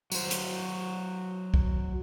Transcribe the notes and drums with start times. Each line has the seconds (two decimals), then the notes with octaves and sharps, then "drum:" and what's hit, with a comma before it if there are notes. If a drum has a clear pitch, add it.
0.12 F#3 C5, drum: tambourine
0.31 drum: hi-hat
1.54 drum: kick C2